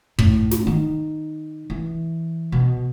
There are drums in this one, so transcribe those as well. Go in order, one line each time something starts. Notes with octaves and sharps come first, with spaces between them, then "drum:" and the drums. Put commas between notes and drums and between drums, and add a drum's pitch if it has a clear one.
A2, drum: kick
drum: snare
D#3
E3
B2